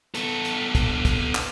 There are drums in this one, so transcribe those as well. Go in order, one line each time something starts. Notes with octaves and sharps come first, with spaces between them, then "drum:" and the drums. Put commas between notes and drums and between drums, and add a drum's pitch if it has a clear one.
B3 A4, drum: hi-hat
drum: hi-hat
drum: kick, hi-hat
drum: kick, hi-hat
drum: clap